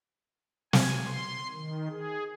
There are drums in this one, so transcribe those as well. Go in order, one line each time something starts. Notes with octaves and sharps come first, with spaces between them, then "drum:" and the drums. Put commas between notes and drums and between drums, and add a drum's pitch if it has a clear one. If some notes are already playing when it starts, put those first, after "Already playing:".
G#5, drum: snare
C6
D#3
G#4